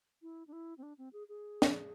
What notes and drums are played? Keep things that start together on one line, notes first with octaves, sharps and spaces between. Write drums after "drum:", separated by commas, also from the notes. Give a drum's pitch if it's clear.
E4
D4
E4
C4
D4
C4
G#4
G#4
drum: snare